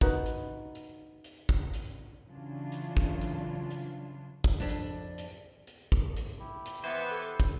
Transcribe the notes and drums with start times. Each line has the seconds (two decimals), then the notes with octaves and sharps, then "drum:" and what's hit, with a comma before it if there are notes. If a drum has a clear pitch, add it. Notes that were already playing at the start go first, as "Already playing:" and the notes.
0.01 D#4 F#4 B4, drum: kick
0.26 drum: hi-hat
0.75 drum: hi-hat
1.24 drum: hi-hat
1.49 drum: kick
1.74 drum: hi-hat
2.30 C#3 E3 F#3 D4 F4
2.72 drum: hi-hat
2.97 drum: kick
3.21 drum: hi-hat
3.70 drum: hi-hat
4.44 drum: kick
4.60 F2 D4
4.69 drum: hi-hat
5.18 drum: hi-hat
5.67 drum: hi-hat
5.92 drum: kick
6.17 drum: hi-hat
6.40 E4 G4
6.66 drum: hi-hat
6.84 E3 B3 C5 E5
7.10 A4
7.40 drum: kick